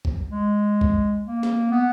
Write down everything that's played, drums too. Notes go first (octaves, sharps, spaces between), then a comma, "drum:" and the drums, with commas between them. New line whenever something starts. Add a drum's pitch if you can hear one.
drum: kick B1
G#3
drum: kick B1
A#3
drum: snare
B3